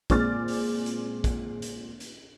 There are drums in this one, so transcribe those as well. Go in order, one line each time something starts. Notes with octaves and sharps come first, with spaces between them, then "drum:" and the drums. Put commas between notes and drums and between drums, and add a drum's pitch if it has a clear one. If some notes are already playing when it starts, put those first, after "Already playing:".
A#2 G#3 C4 D6 F6 A6, drum: kick, hi-hat
drum: open hi-hat
drum: hi-hat
drum: kick, hi-hat
drum: hi-hat
drum: hi-hat